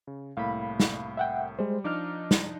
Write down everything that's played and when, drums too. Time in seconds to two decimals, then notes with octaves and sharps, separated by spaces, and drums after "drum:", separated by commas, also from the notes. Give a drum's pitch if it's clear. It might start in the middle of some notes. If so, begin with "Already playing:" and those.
0.07 C#3
0.37 C2 A2 A#3 F5 B5
0.80 drum: snare
1.17 E5 F#5 G5
1.59 G3 G#3 C5
1.84 F3 D4 D#4 D6 F6
2.31 drum: snare